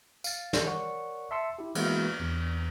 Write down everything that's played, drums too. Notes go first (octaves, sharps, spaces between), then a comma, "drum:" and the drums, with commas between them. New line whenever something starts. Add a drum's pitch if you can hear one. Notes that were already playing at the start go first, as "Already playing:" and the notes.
F5 A6, drum: tambourine
drum: snare
A#4 C#5 D5 F#5 C#6
E5 A5 C6 E6 C#7
E4 G4
E3 G#3 A#3 B3 E4 F#4, drum: cymbal
E2